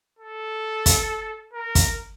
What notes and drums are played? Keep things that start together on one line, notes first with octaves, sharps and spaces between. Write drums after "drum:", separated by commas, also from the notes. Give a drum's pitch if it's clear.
A4
drum: kick, hi-hat
A#4
drum: kick, hi-hat